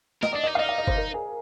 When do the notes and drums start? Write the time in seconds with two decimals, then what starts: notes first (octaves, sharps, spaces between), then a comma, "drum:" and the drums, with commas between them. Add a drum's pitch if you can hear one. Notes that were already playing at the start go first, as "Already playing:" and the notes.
0.23 A#4 D#5, drum: snare
0.33 D4 D5
0.44 D#4 D#5
0.55 F5
0.59 D#4 D#5
0.69 F5
0.78 D#5
0.87 C5, drum: kick
0.96 A#4
1.14 G#4